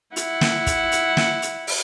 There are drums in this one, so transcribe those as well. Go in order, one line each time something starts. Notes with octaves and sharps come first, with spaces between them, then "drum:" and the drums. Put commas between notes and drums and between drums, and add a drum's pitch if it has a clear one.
E4 F#5, drum: hi-hat
drum: snare
drum: kick, hi-hat
drum: hi-hat
drum: snare
drum: hi-hat
drum: open hi-hat